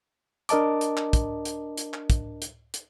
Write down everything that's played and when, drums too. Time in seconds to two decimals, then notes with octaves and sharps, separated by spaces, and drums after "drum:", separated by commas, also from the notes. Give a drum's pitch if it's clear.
0.49 D4 A#4 D#5 A5 D6, drum: hi-hat
0.81 drum: hi-hat
0.97 drum: clap
1.13 drum: kick, hi-hat
1.45 drum: hi-hat
1.77 drum: hi-hat
1.94 drum: clap
2.10 drum: kick, hi-hat
2.42 drum: hi-hat
2.74 drum: hi-hat